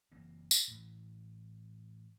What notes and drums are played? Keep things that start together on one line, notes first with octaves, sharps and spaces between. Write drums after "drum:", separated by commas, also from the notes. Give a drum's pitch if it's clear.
F#1 E3 A#3 C4
drum: tambourine
A2 E3